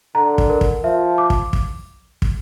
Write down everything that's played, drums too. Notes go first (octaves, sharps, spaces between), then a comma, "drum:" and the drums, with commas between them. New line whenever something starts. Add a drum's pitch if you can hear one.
D3 A#5
drum: kick
A#4
drum: kick
F3 E5
D6
drum: kick
drum: kick
drum: kick